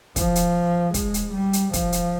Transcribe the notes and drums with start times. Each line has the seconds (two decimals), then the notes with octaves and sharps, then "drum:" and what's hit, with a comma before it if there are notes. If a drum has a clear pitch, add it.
0.16 F3, drum: kick, hi-hat
0.35 drum: hi-hat
0.94 G#3, drum: kick, hi-hat
1.14 drum: hi-hat
1.34 G3
1.53 drum: hi-hat
1.73 F3, drum: kick, hi-hat
1.92 drum: hi-hat